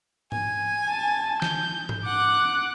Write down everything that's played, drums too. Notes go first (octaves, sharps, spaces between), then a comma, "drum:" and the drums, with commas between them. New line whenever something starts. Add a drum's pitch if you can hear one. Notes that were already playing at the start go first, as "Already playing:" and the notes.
G#5, drum: tom G#2
A5
G6, drum: snare
drum: tom G#2
F#5 D6 F#6